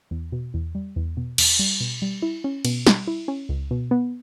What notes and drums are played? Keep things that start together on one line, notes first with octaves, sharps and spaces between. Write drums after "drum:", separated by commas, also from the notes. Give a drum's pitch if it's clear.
E2
B2
E2
G3
E2
B2
E2, drum: cymbal
G3
B2
G3
E4
C#4
B2, drum: cymbal
G3, drum: snare
E4
C#4
C#2
B2
B3